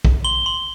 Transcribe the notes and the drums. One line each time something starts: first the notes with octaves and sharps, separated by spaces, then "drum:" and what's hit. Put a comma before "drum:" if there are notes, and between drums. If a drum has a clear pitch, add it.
drum: kick
C6 G7
C6